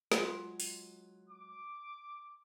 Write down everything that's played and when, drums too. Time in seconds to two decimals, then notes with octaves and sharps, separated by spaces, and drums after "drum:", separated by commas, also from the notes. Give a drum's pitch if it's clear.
0.12 F#3 G#3 F4, drum: snare
0.60 drum: open hi-hat
1.29 D6